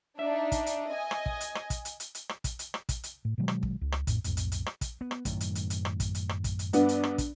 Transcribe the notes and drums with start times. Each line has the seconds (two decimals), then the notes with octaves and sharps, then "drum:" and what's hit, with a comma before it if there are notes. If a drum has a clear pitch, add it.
0.19 D4 D#4 E5
0.52 drum: kick, hi-hat
0.66 drum: hi-hat
0.90 D#5 G#5
1.11 drum: rim click
1.26 drum: kick
1.41 drum: hi-hat
1.55 drum: rim click
1.70 drum: kick, hi-hat
1.85 drum: hi-hat
2.00 drum: hi-hat
2.15 drum: hi-hat
2.29 drum: rim click
2.44 drum: kick, hi-hat
2.59 drum: hi-hat
2.74 drum: rim click
2.89 drum: kick, hi-hat
3.03 drum: hi-hat
3.25 A2
3.38 B2 D#3 F#3 G#3
3.48 drum: rim click
3.63 drum: kick
3.81 C#2
3.92 drum: rim click
4.07 F2 A2, drum: kick, hi-hat
4.24 B1 F2 A2, drum: hi-hat
4.37 drum: hi-hat
4.52 drum: hi-hat
4.66 drum: rim click
4.81 drum: kick, hi-hat
5.01 B3
5.11 drum: rim click
5.25 F#2 A2 D#3, drum: kick, hi-hat
5.41 drum: hi-hat
5.55 drum: hi-hat
5.70 drum: hi-hat
5.85 drum: rim click
6.00 drum: kick, hi-hat
6.15 drum: hi-hat
6.29 drum: rim click
6.44 drum: kick, hi-hat
6.59 drum: hi-hat
6.73 G2 B3 D4, drum: hi-hat
6.89 drum: hi-hat
7.03 drum: rim click
7.18 drum: kick, hi-hat